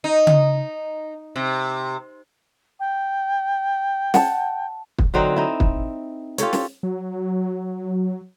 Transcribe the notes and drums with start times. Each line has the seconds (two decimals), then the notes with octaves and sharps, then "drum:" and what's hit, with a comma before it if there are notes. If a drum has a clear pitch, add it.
0.04 D#4
0.27 drum: tom C#3
1.36 C3
2.80 G5
4.14 F#5 A5, drum: snare
4.98 drum: kick
5.14 D3 F#3 C4 D#4
5.36 D#4 E4
5.60 drum: kick
6.38 F4 G4 A4 C#5, drum: hi-hat
6.53 drum: snare
6.83 F#3